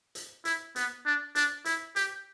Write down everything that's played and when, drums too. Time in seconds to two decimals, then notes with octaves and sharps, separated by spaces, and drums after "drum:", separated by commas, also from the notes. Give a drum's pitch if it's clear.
0.15 drum: hi-hat
0.45 E4, drum: hi-hat
0.76 B3, drum: hi-hat
1.06 D4
1.35 D4, drum: hi-hat
1.65 E4, drum: hi-hat
1.96 G4, drum: hi-hat